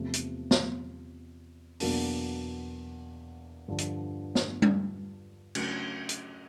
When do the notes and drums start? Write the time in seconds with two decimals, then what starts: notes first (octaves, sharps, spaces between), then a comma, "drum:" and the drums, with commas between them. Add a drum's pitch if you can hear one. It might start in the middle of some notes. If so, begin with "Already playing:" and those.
Already playing: E2 C3 F3 A3
0.14 drum: hi-hat
0.51 drum: snare
1.80 E2 B2 F#3 A#3 D4, drum: open hi-hat
3.68 G2 D3 F3
3.78 drum: hi-hat
4.35 drum: snare
4.62 drum: tom G3
5.55 C#3 F#3 A3 D4, drum: cymbal
6.09 drum: hi-hat